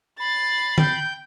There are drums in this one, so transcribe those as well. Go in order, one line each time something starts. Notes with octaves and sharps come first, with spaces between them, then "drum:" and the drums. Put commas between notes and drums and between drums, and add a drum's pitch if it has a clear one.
B5 A6 C7
G5 G6, drum: tom D3